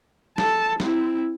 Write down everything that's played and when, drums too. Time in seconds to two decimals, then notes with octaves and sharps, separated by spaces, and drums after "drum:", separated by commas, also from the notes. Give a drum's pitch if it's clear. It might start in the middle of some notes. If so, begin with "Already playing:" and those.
0.38 A4 A5, drum: snare
0.80 C4 E4, drum: snare